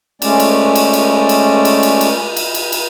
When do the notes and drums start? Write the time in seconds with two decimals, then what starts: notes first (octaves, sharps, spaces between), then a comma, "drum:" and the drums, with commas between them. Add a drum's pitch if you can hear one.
0.22 G#3 A3 C#4 D5, drum: cymbal
0.40 drum: cymbal
0.75 drum: cymbal
0.93 drum: cymbal
1.29 drum: cymbal
1.65 drum: cymbal
1.83 drum: cymbal
2.01 drum: cymbal
2.37 drum: cymbal
2.54 drum: cymbal
2.72 drum: cymbal